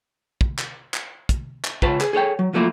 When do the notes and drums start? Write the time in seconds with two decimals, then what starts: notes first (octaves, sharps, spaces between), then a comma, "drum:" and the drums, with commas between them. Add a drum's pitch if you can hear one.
0.41 drum: kick
0.58 drum: clap
0.94 drum: clap
1.29 drum: kick, hi-hat
1.64 drum: clap
1.82 C#2 F4 B4 C#5 A5, drum: kick
2.01 G#4, drum: clap
2.13 G#4 A4 C#5 G5
2.39 F#3
2.53 F3 F#3 A3 A#3 E4 F4